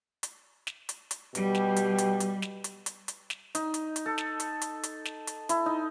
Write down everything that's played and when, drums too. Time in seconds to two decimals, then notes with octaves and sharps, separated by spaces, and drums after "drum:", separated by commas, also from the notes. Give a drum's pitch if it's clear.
0.23 drum: hi-hat
0.67 drum: snare
0.89 drum: hi-hat
1.11 drum: hi-hat
1.35 B2 G3 G4, drum: hi-hat
1.55 drum: snare
1.76 drum: hi-hat
1.98 drum: hi-hat
2.20 drum: hi-hat
2.42 drum: snare
2.64 drum: hi-hat
2.86 drum: hi-hat
3.08 drum: hi-hat
3.30 drum: snare
3.55 D#4, drum: hi-hat
3.74 drum: hi-hat
3.96 drum: hi-hat
4.06 A4
4.18 drum: snare
4.40 drum: hi-hat
4.62 drum: hi-hat
4.83 drum: hi-hat
5.05 drum: snare
5.27 drum: hi-hat
5.49 E4, drum: hi-hat
5.66 D#4